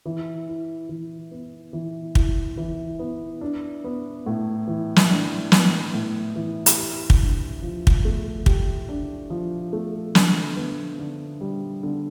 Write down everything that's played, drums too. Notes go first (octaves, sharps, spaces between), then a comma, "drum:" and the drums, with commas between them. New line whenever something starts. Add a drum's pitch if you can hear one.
E3
E4
E3
B3
E3
E4, drum: kick
E3
B3
D4
B3
A2
E3
drum: snare
D4
B3, drum: snare
A2
E3
drum: hi-hat
G4
drum: kick
D4
F3
drum: kick
A3
G4, drum: kick
D4
F3
A3
D3, drum: snare
B3
D3
G3
D3